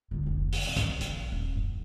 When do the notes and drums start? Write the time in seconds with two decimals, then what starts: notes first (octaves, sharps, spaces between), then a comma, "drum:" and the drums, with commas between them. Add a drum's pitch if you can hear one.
0.11 E2 D3
0.23 F1 D2
0.52 drum: open hi-hat
0.66 C3
0.76 drum: kick B1, hi-hat
1.01 A#1, drum: hi-hat
1.32 D#1
1.56 F#2